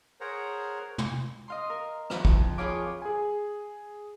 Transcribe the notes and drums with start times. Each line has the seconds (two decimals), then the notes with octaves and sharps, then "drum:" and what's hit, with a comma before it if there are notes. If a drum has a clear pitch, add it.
0.21 G#4 A#4 C5 C#5 F#5 A#5
0.98 drum: tom
1.48 D#5 F5 C6
1.70 A#4
2.10 E3 F3, drum: rim click
2.25 F2, drum: kick
2.58 F4 G#4 B4 C#5 F5 D6
3.02 G#4 G#5